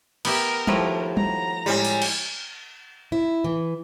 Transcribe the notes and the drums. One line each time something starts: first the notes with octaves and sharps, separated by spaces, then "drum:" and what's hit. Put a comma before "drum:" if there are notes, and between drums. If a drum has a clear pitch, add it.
B3 G4 A#4 E5, drum: cymbal
D#2 F3 A3 E4 F#4 G4, drum: tom
A#5, drum: tom
A2 G3 G#3 C4 G#5
drum: open hi-hat
drum: cymbal
E4
E3